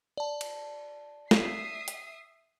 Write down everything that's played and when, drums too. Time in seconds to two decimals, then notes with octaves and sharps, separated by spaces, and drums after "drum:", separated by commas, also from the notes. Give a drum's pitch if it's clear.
0.17 D5 A5
0.41 drum: cymbal
1.31 E5 D#6 C7, drum: snare
1.88 drum: hi-hat